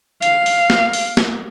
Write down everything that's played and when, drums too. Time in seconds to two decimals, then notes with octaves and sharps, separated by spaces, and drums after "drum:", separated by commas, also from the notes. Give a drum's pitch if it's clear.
0.22 F5, drum: hi-hat
0.46 drum: open hi-hat
0.70 drum: snare
0.93 drum: open hi-hat
1.17 drum: snare